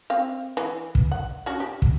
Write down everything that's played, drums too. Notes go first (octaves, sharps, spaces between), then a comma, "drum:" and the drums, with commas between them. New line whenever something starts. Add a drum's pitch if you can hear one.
C4 F5
E3
drum: kick
F#5
C#4 D4 F#4
G4
drum: kick